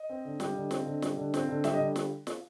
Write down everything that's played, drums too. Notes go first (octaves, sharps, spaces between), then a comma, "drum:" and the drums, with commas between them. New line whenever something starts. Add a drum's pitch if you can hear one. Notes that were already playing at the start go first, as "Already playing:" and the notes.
Already playing: D#5
C4
D3
G3, drum: snare
D3
C4, drum: snare
D3
G3, drum: snare
D3
C4, drum: snare
D3
G3 E5, drum: snare
D#5
D3
drum: snare
drum: snare